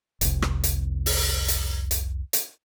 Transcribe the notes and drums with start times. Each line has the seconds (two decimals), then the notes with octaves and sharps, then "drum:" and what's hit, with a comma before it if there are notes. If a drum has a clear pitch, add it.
0.21 F1 C2, drum: hi-hat
0.42 drum: rim click
0.64 drum: hi-hat
1.06 drum: open hi-hat
1.48 drum: hi-hat
1.91 drum: hi-hat
2.33 drum: hi-hat